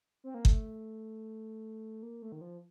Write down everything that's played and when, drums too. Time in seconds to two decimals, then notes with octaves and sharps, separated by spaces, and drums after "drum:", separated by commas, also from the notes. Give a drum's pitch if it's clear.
0.24 C4
0.34 A#3
0.45 A3, drum: kick G1
2.03 A#3
2.22 A3
2.32 D#3
2.41 F3